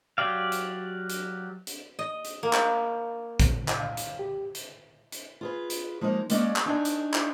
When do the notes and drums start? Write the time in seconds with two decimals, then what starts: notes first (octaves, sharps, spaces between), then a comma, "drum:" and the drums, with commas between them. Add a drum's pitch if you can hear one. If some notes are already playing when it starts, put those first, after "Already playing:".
0.18 F#3 G4 D5 F5
0.52 drum: hi-hat
1.09 drum: hi-hat
1.67 drum: hi-hat
1.99 D#5
2.24 drum: hi-hat
2.43 A#3
2.53 drum: clap
3.40 drum: kick, hi-hat
3.68 drum: clap
3.80 F5
3.97 drum: hi-hat
4.19 G4
4.55 drum: hi-hat
5.12 drum: hi-hat
5.41 F4 G#4 B4
5.70 drum: hi-hat
6.01 F3 G#3 A#3 D#4
6.29 G#3 A#3 C#4 D5 D#5, drum: hi-hat
6.56 drum: clap
6.66 D4 D#4 G#5
6.85 drum: hi-hat
7.14 drum: clap